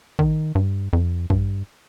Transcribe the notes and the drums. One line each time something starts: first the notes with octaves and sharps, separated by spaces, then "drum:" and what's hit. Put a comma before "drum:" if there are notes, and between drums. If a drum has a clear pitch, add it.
D#3, drum: kick
G2
F2
G2, drum: kick